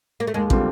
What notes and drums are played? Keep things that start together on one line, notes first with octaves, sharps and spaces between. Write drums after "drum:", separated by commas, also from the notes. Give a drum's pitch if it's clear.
A#3
A3
D#2 G#3
D3 G3 C4 F4, drum: kick